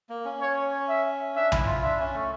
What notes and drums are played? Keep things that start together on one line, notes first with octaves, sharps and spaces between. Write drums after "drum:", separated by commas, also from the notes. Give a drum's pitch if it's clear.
A#3
C#4
C#5
E5
D4 E5
E4, drum: tom B1
F4
D4 E5
C#4
A3